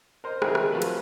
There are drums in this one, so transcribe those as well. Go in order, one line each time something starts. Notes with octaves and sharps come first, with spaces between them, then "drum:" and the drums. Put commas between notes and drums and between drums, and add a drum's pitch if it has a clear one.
A#4 C5 D#5
D#3 C4 E4 G#4 A#4, drum: rim click
drum: rim click
F3 F#3 A3 B4
drum: cymbal